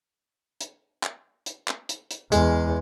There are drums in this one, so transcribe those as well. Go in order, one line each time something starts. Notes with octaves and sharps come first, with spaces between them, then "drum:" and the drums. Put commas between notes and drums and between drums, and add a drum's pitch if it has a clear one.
drum: hi-hat
drum: clap
drum: hi-hat
drum: clap
drum: hi-hat
drum: hi-hat
E2 G#3, drum: hi-hat